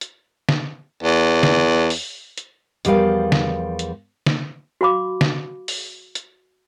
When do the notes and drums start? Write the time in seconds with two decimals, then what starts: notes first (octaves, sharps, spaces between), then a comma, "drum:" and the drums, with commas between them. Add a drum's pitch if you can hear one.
0.01 drum: hi-hat
0.49 drum: snare
1.03 E2
1.43 drum: snare
1.90 drum: open hi-hat
2.38 drum: hi-hat
2.85 E2 F3 G3 F4 A#4 F5, drum: hi-hat
3.32 drum: snare
3.79 drum: hi-hat
4.26 drum: snare
4.81 F#4 F5 B5 D6
5.21 drum: snare
5.68 drum: open hi-hat
6.15 drum: hi-hat